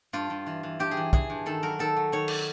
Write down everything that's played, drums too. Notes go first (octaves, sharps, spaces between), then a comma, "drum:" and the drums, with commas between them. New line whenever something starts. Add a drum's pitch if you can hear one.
G2 F4
G2
E3
E3
G2 G4
G#4
E3
E3 G#4, drum: kick
G2
D#3 A4
F#3 A#4
D#3 A4
F#3
D#3 C#5
drum: cymbal